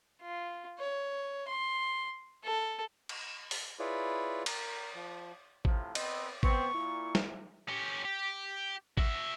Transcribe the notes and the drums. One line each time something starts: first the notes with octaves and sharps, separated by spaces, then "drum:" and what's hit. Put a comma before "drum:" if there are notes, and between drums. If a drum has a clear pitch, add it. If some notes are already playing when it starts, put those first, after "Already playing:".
F4
C#5
C6
A4
drum: cymbal
drum: open hi-hat
E4 F4 G#4 B4 C#5 D5
A#4, drum: cymbal
F3
A2 C3 F3, drum: kick G#1
B3 C4 D#5, drum: cymbal
B3 C4 C#6, drum: kick G#1
A#2 E4
drum: snare
C#4 G4
G4
F#4 E5, drum: kick G#1